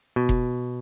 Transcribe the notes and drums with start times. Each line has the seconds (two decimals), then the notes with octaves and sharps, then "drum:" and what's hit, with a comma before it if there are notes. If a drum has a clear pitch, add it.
0.16 B2
0.29 drum: kick F1